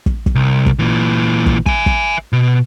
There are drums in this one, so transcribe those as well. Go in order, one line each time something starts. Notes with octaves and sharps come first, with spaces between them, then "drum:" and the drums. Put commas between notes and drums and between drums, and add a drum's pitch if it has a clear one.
drum: kick
drum: kick
C2
drum: kick
A#2 E3
drum: kick
E5 G#5, drum: kick
drum: kick
B2